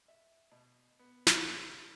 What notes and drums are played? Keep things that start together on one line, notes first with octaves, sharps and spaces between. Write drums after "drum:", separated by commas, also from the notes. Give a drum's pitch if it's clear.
E5
B2
B3
drum: snare
A#4
C6